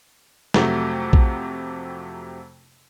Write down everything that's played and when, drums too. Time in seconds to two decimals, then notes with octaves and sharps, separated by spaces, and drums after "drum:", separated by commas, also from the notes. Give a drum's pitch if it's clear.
0.54 F2 C3 F#3 A3, drum: snare
1.13 drum: kick A#1